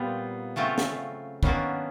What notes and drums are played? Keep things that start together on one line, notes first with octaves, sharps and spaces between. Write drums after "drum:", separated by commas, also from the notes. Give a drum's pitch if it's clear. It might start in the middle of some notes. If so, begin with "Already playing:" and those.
Already playing: A#2 G3 B3 C4 F4
C#3 F#3 A3 C4 F4
drum: snare
D#3 F#3 A#3 B3 C#4 D4 F#4, drum: kick